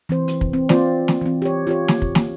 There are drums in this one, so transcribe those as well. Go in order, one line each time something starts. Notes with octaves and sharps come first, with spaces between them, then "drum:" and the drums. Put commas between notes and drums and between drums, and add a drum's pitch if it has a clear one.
E3 C4 C5
drum: hi-hat
drum: kick
C4
C4 F4 C5 D5, drum: snare
drum: snare
E3 C4
G4 C#5
F4 G4 C#5
drum: snare
drum: kick
drum: snare